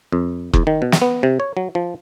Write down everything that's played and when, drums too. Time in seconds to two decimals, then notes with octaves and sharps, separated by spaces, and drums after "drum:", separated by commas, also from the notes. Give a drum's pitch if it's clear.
0.12 F2
0.54 E2, drum: kick
0.67 D#3
0.82 B2
0.92 drum: snare
1.02 B3
1.23 C3
1.40 C#5
1.57 F#3
1.75 F3